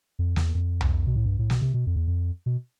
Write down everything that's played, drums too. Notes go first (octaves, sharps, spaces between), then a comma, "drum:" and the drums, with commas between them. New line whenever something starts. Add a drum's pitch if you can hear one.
F2
E2, drum: snare
F2
drum: tom C2
B2
A2
G2
A2
B2, drum: snare
C3
B2
F2
E2
F2
B2